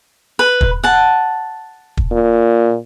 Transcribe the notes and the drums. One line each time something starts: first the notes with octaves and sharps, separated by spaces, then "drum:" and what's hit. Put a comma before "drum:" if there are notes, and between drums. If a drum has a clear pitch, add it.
B4
drum: kick
F#5 A5
drum: kick
A#2